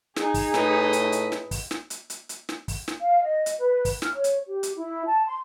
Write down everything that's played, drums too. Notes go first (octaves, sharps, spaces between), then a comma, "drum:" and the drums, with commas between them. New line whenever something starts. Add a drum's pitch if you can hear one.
D#4 G#4, drum: snare
drum: kick, open hi-hat
A2 B4 D#5, drum: snare
drum: hi-hat
drum: hi-hat
drum: snare
drum: kick, open hi-hat
drum: snare
drum: hi-hat
drum: hi-hat
drum: hi-hat
drum: snare
drum: kick, open hi-hat
drum: snare
F5
D#5
drum: hi-hat
B4
drum: kick, open hi-hat
F6, drum: snare
C#5
drum: hi-hat
G4
drum: hi-hat
E4
A5
C6